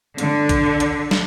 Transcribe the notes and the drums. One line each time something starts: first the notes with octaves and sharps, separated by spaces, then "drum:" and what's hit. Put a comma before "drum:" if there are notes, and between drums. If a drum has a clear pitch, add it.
D3, drum: hi-hat
drum: kick A#1, hi-hat
drum: hi-hat
drum: snare